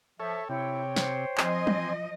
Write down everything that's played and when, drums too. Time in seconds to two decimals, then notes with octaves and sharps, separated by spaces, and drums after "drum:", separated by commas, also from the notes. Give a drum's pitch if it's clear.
0.20 F3 A4 C#5 E5
0.49 C3 E4 C#5 G5
0.96 C5, drum: snare
1.38 F3 C4 D#5 G#5 C6, drum: clap
1.67 drum: tom